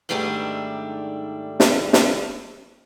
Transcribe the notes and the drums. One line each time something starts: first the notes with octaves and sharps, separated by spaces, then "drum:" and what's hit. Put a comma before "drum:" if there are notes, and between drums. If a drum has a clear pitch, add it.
G#2 D#3 G3 A3 D4 E4
drum: snare
drum: snare